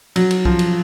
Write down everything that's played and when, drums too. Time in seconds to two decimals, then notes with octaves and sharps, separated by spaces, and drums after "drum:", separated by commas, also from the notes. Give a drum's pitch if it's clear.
0.16 F#3, drum: cymbal
0.31 drum: cymbal
0.45 F3, drum: kick
0.59 drum: cymbal